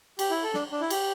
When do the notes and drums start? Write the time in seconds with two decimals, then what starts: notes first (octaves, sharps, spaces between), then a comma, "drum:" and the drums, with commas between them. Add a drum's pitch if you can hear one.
0.19 G4, drum: cymbal
0.30 E4
0.43 A4
0.54 D4, drum: snare
0.72 D4
0.81 E4
0.90 G4, drum: cymbal